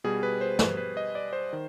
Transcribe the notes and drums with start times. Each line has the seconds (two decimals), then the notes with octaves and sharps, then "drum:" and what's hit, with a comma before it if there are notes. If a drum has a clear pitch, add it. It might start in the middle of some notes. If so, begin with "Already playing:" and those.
0.04 B2 G3 G#4
0.23 B4
0.41 C5
0.59 B4, drum: snare
0.77 B4
0.97 D#5
1.15 D5
1.33 C5
1.53 D#3